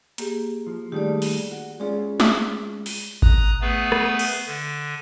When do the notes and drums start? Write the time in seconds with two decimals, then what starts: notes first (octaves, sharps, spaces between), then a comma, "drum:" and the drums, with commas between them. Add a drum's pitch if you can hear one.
0.18 A#3 G4 G#4, drum: hi-hat
0.67 F3
0.92 D#3 G3 A3 G4 G#4 D5
1.22 drum: open hi-hat
1.52 F#4
1.80 G#3 C#4 F4 G#4 D5
2.20 drum: snare
2.86 drum: open hi-hat
3.22 A#5 D#6 F#6, drum: kick G#1
3.61 A3 B3 G#4 B4
3.92 drum: rim click
4.19 drum: cymbal
4.47 D3